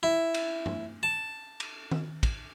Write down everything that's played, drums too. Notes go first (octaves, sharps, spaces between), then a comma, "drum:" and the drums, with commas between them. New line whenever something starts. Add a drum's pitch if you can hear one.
E4
drum: cymbal
drum: tom
A5
drum: cymbal
drum: tom D#3
drum: kick, cymbal